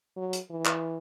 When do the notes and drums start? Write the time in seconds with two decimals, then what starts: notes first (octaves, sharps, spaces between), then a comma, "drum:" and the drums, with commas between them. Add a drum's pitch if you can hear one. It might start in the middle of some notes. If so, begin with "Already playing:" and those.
0.17 F#3
0.33 drum: hi-hat
0.50 E3
0.65 drum: clap